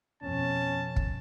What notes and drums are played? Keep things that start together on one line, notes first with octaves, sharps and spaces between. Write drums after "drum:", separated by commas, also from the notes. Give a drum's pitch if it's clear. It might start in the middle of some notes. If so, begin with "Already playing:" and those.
F2 B2 C#4 A5
drum: kick